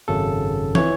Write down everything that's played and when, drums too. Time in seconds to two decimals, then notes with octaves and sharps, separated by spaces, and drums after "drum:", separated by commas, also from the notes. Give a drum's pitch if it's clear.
0.08 G#1 F#2 C#3 F#3 A4
0.75 E3 C#5, drum: tom